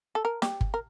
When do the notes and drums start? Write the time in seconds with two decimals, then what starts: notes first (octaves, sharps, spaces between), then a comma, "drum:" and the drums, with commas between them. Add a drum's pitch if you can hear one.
0.15 A4
0.25 A#4
0.42 G4, drum: snare
0.61 drum: kick G1
0.74 A#4